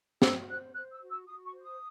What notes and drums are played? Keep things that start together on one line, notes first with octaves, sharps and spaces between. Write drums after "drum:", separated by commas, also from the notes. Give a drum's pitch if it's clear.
F#4 E6, drum: snare
C5 F#6
C5 F#6
E6
F#4
E6
F#4 D#6
C#6
C5
D#6